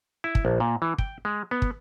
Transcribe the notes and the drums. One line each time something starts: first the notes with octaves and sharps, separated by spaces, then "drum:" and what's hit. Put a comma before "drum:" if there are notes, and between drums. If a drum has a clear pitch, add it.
E4
drum: kick
A#1
A#2
E3
G5, drum: kick
G#3
B3
drum: kick